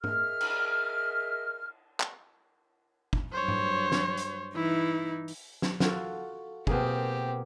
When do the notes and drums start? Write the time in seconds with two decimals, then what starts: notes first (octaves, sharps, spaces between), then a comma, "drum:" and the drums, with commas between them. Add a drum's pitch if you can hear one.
0.04 G#4 A#4 D#5 E5 F6, drum: tom G#2
0.41 drum: cymbal
2.00 drum: clap
3.13 drum: kick
3.33 G2 F#3 C5 C#5
3.48 drum: tom G#2
3.92 drum: snare
4.17 drum: hi-hat
4.55 E3 D#4 E4
5.28 drum: open hi-hat
5.62 drum: snare
5.80 F4 F#4 A4, drum: snare
6.67 B2 A#3 C4 G4 G#4, drum: kick